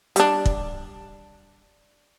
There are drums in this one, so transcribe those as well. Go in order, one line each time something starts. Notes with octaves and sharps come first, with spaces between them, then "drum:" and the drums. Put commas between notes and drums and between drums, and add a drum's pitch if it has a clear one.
G3 D4, drum: hi-hat
drum: kick